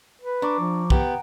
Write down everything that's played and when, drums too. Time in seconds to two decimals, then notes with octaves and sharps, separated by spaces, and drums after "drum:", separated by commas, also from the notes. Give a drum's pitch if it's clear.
0.22 B4
0.42 D4 A#5 C#6 D6
0.60 F3
0.90 B3 G4 F#5 G5 A#5, drum: kick